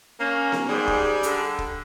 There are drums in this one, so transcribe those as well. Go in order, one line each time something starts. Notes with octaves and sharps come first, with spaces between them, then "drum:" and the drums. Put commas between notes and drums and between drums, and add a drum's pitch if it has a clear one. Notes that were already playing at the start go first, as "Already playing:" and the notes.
A#3 C#4
drum: snare B3
G#2 G3 G#4
drum: kick
D3, drum: hi-hat
drum: kick